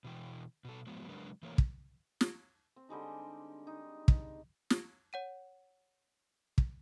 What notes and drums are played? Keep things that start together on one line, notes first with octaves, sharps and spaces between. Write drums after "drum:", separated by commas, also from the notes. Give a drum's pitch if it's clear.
B2 E3 G5
B2 A4
F3 F#3 G#3 B3
C#3 F#3 G#3 D4 A#4 B4
E3 A3 A#3 A#4 C#5
drum: kick
drum: snare
C4
D3 G3 G#3 D#4
D#4
drum: kick
drum: snare
C#5 F#5 D#7
drum: kick